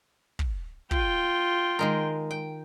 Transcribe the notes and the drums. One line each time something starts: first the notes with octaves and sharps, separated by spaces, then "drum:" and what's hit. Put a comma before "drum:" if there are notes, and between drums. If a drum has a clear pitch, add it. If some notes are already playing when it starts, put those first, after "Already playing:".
drum: kick
F4 G5, drum: kick
D#3 G#3 A#4
G5